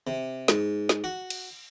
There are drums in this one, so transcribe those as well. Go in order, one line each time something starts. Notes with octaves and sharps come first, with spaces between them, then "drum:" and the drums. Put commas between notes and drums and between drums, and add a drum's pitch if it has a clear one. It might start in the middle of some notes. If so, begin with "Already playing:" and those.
C3
G#2, drum: snare
drum: snare
F#4
drum: cymbal